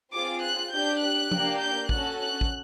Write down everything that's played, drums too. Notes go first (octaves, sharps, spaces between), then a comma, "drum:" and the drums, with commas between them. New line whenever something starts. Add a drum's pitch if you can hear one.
C4 F4 G#4 D6
F#6
D4 G4 G6
F#6
A#3 D4 G4, drum: tom F3
G6
C#4 F#4 A4 F#6, drum: kick
F#6
drum: kick